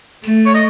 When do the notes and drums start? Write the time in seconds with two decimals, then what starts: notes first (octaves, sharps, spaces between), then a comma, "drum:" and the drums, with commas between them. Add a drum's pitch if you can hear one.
0.24 A3, drum: tambourine
0.46 C#5
0.55 D#5, drum: tambourine